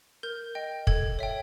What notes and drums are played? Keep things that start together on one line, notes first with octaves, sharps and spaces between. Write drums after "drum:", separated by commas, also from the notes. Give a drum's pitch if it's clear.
A#4 G6
D#5 G5
A4 G#6, drum: kick
C#5 E5 G5